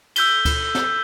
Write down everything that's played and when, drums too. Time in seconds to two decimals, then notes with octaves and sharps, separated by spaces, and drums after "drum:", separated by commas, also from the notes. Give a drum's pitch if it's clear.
0.16 E6 G6 B6 G7, drum: cymbal
0.45 drum: kick D2, cymbal
0.75 drum: snare